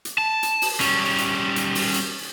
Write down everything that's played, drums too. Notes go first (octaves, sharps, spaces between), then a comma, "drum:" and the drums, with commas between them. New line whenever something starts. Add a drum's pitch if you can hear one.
drum: hi-hat
A5
drum: hi-hat
drum: open hi-hat
G3 C#4, drum: hi-hat
drum: hi-hat
drum: hi-hat
drum: open hi-hat
drum: hi-hat